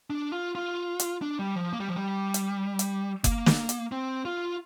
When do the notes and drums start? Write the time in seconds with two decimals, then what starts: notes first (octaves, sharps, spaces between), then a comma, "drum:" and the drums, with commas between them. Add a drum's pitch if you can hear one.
0.10 D4
0.32 F4
0.55 F4
1.00 drum: hi-hat
1.22 D4
1.39 G3
1.56 F3
1.73 A#3
1.80 G3
1.89 F3
1.96 G3
2.34 drum: hi-hat
2.79 drum: hi-hat
3.24 A#3, drum: kick F#1, hi-hat
3.46 drum: snare
3.69 drum: hi-hat
3.92 C4
4.25 F4